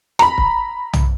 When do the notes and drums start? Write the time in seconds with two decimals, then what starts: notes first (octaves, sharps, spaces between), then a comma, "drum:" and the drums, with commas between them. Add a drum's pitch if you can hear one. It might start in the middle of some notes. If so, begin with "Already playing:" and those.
0.19 A#5 B5, drum: rim click
0.38 drum: kick
0.93 drum: tom